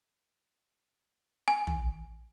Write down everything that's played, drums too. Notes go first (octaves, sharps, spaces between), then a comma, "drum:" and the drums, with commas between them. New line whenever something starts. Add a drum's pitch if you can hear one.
G#5
drum: tom